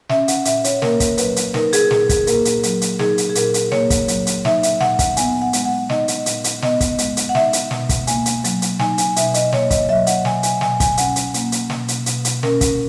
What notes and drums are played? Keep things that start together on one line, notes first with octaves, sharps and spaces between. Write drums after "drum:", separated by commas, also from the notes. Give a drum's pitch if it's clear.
C#4 E5, drum: snare
F#5, drum: hi-hat
A#2 E5, drum: hi-hat
C#5, drum: hi-hat
A#3 A#4, drum: snare
drum: kick, hi-hat
F#3 B4, drum: hi-hat
drum: hi-hat
D#4 A#4, drum: snare
G#4, drum: hi-hat
A#2 G#4, drum: snare
G#4, drum: kick, hi-hat
A#3 A#4, drum: hi-hat
drum: hi-hat
F#3, drum: hi-hat
drum: hi-hat
D#4 G#4, drum: snare
drum: hi-hat
G#4
A#2 A#4, drum: hi-hat
drum: hi-hat
A#3 C#5, drum: snare
drum: kick, hi-hat
F#3, drum: hi-hat
drum: hi-hat
D#4 E5, drum: snare
E5, drum: hi-hat
A#2 F#5, drum: snare
F#5, drum: kick, hi-hat
B3 G#5, drum: hi-hat
F#5
G#3, drum: hi-hat
F#5
D#4 D#5, drum: snare
drum: hi-hat
A#2, drum: hi-hat
drum: hi-hat
B3 D#5, drum: snare
drum: kick, hi-hat
G#3, drum: hi-hat
drum: hi-hat
F#5
D#4 E5, drum: snare
drum: hi-hat
B2, drum: snare
drum: kick, hi-hat
A#3 G#5, drum: hi-hat
drum: hi-hat
F#3, drum: hi-hat
drum: hi-hat
D#4 G#5, drum: snare
G#5, drum: hi-hat
B2 E5, drum: hi-hat
D#5, drum: hi-hat
A#3 C#5, drum: snare
D#5, drum: kick, hi-hat
F#3 E5
F#5, drum: hi-hat
B2 G#5, drum: snare
G#5, drum: hi-hat
B2 G#5, drum: snare
G#5, drum: kick, hi-hat
C#4 F#5, drum: hi-hat
drum: hi-hat
A#3, drum: hi-hat
drum: hi-hat
B2, drum: snare
drum: hi-hat
B2, drum: hi-hat
drum: hi-hat
C#4 A#4, drum: snare
drum: kick, hi-hat